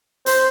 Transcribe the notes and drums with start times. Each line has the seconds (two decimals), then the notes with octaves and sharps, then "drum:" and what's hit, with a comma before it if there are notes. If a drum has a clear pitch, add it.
0.26 C5, drum: hi-hat